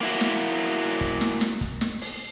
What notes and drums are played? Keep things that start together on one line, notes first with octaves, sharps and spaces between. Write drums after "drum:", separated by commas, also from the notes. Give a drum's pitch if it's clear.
A#3 E4 F#4
drum: snare
drum: hi-hat
drum: hi-hat
drum: kick, hi-hat
drum: snare
drum: snare
drum: kick, hi-hat
drum: snare
drum: open hi-hat